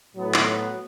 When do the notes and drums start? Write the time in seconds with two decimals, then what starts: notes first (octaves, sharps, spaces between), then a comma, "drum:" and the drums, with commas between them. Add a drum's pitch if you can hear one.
0.16 A2 F#3 B3
0.34 drum: clap